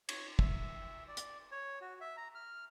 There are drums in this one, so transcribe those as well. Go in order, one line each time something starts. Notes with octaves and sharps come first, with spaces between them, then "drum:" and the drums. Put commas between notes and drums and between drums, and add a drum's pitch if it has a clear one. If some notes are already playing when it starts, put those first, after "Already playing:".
C#5, drum: cymbal
E5, drum: kick
D5
drum: hi-hat
C#5
F#4
E5
A#5
F6